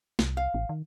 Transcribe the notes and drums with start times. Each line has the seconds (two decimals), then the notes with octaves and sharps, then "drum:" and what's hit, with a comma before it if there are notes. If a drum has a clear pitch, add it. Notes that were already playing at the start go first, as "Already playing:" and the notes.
0.19 C2, drum: snare
0.37 F5
0.54 A1
0.69 D#3